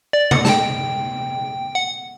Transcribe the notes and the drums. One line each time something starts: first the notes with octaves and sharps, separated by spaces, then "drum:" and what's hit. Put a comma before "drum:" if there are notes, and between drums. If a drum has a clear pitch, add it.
D5
F#5, drum: tom C3
A5, drum: snare
G5
F#5